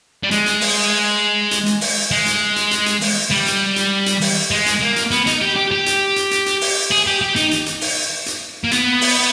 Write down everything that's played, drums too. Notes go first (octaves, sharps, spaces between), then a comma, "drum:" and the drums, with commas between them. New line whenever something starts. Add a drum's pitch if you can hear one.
G3
G#3, drum: hi-hat
drum: hi-hat
drum: open hi-hat
drum: hi-hat
drum: hi-hat
drum: open hi-hat
G#3
drum: hi-hat
drum: hi-hat
drum: hi-hat
drum: hi-hat
drum: open hi-hat
G3
drum: hi-hat
drum: hi-hat
drum: hi-hat
drum: open hi-hat
G#3
drum: hi-hat
A#3
drum: hi-hat
B3, drum: hi-hat
D#4, drum: hi-hat
G4
G4
G4
drum: hi-hat
drum: hi-hat
drum: hi-hat
drum: hi-hat
drum: open hi-hat
G#4
G4
G4
D#4, drum: hi-hat
drum: hi-hat
drum: hi-hat
drum: open hi-hat
drum: hi-hat
A#3
B3, drum: hi-hat
drum: open hi-hat